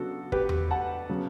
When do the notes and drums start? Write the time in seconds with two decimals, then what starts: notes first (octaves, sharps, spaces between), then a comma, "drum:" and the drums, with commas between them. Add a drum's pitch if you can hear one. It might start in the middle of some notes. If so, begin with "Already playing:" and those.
Already playing: C#3 F#3 B3 D4 F#4 A4
0.32 G4 B4, drum: kick
0.49 drum: tom E2
0.71 F#5 A5
1.09 C#3 F#3 B3